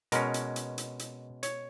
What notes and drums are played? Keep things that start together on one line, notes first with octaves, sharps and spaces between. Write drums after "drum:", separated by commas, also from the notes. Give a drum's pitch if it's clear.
B2 G#3 C#4 A#4, drum: hi-hat
drum: hi-hat
drum: hi-hat
drum: hi-hat
drum: hi-hat
C#5, drum: hi-hat